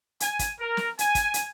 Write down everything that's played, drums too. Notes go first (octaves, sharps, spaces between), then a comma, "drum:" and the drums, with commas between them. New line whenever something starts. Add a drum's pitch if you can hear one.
G#5, drum: hi-hat
drum: kick, hi-hat
A#4
drum: snare
G#5, drum: hi-hat
drum: kick, hi-hat
drum: hi-hat